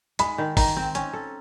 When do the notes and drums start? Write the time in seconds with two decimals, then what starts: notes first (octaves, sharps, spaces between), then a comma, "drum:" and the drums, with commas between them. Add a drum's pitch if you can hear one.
0.19 G#3 B5, drum: hi-hat
0.38 D#3
0.57 D#3 A#5, drum: kick G#1, open hi-hat
0.77 C4
0.95 C#4, drum: hi-hat
1.13 A4